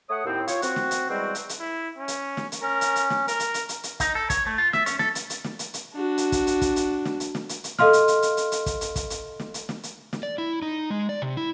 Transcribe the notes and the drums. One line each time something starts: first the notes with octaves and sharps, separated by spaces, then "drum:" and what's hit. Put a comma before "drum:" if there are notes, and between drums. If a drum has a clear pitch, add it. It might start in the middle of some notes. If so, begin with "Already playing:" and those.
A3 C#5 F#5 D#6
D#2 A2 C4
F4 C#5, drum: hi-hat
C4 F#4, drum: hi-hat
drum: snare
drum: hi-hat
E2 G3 G#3 C4 F#4
drum: hi-hat
drum: hi-hat
E4
C#4
drum: hi-hat
drum: snare
drum: hi-hat
C#4 A#4
drum: hi-hat
drum: hi-hat
drum: snare
A#4, drum: hi-hat
drum: hi-hat
drum: hi-hat
drum: hi-hat
drum: hi-hat
D#4, drum: kick, hi-hat
A4
C#5, drum: kick, hi-hat
A3
F4
E5, drum: snare
C#4, drum: hi-hat
A4, drum: snare
drum: hi-hat
drum: hi-hat
drum: snare
drum: hi-hat
drum: hi-hat
D4 F#4
drum: hi-hat
drum: kick, hi-hat
drum: hi-hat
drum: kick, hi-hat
drum: hi-hat
drum: snare
drum: hi-hat
drum: snare
drum: hi-hat
drum: hi-hat
A4 D#5 F5 C6 F6, drum: snare
drum: hi-hat
drum: hi-hat
drum: hi-hat
drum: hi-hat
drum: hi-hat
drum: kick, hi-hat
drum: hi-hat
drum: kick, hi-hat
drum: hi-hat
drum: snare
drum: hi-hat
drum: snare
drum: hi-hat
drum: snare
D5
E4
D#4
G#3
D5
C3
E4